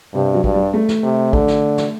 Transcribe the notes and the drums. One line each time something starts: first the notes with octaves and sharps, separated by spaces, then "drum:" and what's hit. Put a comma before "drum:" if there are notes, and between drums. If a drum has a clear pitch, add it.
G2 C3
F#3
G2, drum: kick A#1
G3
A3
drum: snare
C3
D3, drum: kick A#1
drum: snare
drum: snare